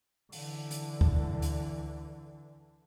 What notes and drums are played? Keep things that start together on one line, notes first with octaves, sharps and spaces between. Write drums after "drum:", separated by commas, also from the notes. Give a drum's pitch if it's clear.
D3 E3, drum: open hi-hat
drum: hi-hat
drum: kick D2
drum: hi-hat